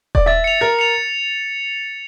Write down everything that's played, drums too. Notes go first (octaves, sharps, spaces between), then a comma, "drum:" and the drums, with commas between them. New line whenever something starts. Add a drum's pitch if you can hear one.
D5, drum: kick D#1
E5 A6
C#7 F7
A#4 A6
C#7 F7